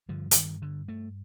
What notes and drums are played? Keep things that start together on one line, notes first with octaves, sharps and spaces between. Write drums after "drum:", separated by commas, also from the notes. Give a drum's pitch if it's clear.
G2 D3 F3
D3, drum: hi-hat
D#3
D3
A3